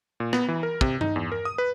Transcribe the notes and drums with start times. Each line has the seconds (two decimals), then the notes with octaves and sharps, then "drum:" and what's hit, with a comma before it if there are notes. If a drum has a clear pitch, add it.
0.20 A#2
0.33 B3, drum: rim click
0.48 E3
0.63 A#4
0.81 C3, drum: kick
1.01 D#4, drum: tom G2
1.16 E2
1.32 A#4
1.45 D#6
1.58 B4